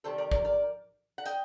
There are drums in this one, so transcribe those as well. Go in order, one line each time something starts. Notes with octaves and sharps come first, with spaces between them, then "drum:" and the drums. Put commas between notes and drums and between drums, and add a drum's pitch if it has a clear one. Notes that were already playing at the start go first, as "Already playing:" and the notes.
C3 D#3 G3 A4 C5
A#4 D5
A#4 D5, drum: kick
A#4 D5
F#5
D#5 G5, drum: hi-hat